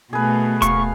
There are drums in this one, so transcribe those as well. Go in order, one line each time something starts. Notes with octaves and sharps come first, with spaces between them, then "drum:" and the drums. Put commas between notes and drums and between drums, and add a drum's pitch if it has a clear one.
B2 A3 G#4 B4
F5 C#6, drum: kick D#1, hi-hat